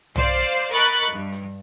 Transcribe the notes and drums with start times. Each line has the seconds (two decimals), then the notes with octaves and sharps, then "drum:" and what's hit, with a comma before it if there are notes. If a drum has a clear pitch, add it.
0.16 C5 D5 F5, drum: tom
0.72 A#4 D#5 B5 C#6 F#6 A6
1.11 G2
1.32 drum: hi-hat